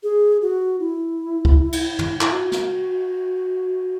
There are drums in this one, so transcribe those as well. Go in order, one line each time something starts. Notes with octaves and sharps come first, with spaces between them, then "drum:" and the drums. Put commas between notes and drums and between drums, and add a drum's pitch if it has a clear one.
G#4
F#4
E4
drum: kick C#2
drum: cymbal
drum: tom
E4, drum: clap
F#4
drum: snare